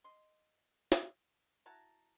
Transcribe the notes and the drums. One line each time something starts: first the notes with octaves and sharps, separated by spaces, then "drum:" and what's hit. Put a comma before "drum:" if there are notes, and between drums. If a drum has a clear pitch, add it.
D#5 C6
drum: snare
E4 F#4 A5 A#5